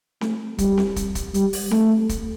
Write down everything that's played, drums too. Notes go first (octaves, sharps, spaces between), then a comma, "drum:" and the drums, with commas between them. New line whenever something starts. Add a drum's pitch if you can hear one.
A3, drum: snare C4
G3, drum: kick, hi-hat
drum: snare C4
drum: kick, hi-hat
drum: kick, hi-hat
G3, drum: hi-hat
drum: open hi-hat
A3, drum: snare C4
drum: kick, hi-hat